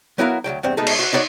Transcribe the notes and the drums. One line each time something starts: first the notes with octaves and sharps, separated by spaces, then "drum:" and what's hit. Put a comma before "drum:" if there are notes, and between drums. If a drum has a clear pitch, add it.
F#3 B3 E4 F#4 A#4 F5
D2 E3 F#3 G5
E2 G2 C4
B2 G#3 A3 D#4 A4
drum: cymbal
F#4 F#5
D#4 E4 F#4 C#5 D5